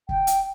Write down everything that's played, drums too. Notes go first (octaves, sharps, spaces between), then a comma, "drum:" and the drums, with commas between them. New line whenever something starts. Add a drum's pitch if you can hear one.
G5, drum: kick
drum: hi-hat